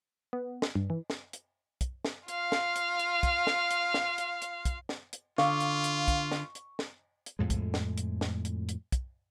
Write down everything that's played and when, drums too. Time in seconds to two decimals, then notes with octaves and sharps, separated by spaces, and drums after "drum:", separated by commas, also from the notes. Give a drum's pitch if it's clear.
0.33 B3
0.62 drum: snare
0.76 G2
0.90 E3
1.10 drum: snare
1.33 drum: hi-hat
1.81 drum: kick, hi-hat
2.05 drum: snare
2.28 F4 F5, drum: hi-hat
2.52 drum: snare
2.76 drum: hi-hat
2.99 drum: hi-hat
3.23 drum: kick, hi-hat
3.47 drum: snare
3.71 drum: hi-hat
3.94 drum: snare
4.18 drum: hi-hat
4.42 drum: hi-hat
4.65 drum: kick, hi-hat
4.89 drum: snare
5.13 drum: hi-hat
5.38 D3 F4 F5 C#6, drum: snare
5.60 drum: hi-hat
5.84 drum: hi-hat
6.08 drum: kick, hi-hat
6.32 drum: snare
6.55 drum: hi-hat
6.79 drum: snare
7.26 drum: hi-hat
7.39 F2 A2 G#3
7.50 drum: kick, hi-hat
7.74 drum: snare
7.98 drum: hi-hat
8.21 drum: snare
8.45 drum: hi-hat
8.69 drum: hi-hat
8.92 drum: kick, hi-hat